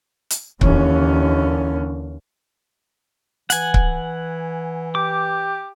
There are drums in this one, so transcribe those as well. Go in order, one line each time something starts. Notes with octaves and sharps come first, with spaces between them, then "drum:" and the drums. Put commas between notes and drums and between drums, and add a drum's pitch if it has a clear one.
drum: hi-hat
D#2 D3 E3 C#4, drum: kick C#1
E3 F#5 G#5, drum: hi-hat
drum: kick C#1
G4 D6